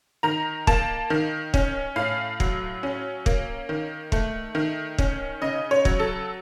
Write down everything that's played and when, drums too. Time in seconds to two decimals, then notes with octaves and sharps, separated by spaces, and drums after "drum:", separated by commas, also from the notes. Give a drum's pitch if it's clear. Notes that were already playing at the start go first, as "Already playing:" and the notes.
0.23 D#3 A#5
0.67 A#3 A5, drum: kick
1.10 D#3
1.54 C#4, drum: kick
1.96 A2 F5
2.40 F#3, drum: kick
2.83 C#4
3.26 A#3, drum: kick
3.69 D#3
4.12 A3, drum: kick
4.55 D#3
4.98 C#4, drum: kick
5.42 C#3 D#5
5.71 C#5
5.85 F#3, drum: kick
6.00 A4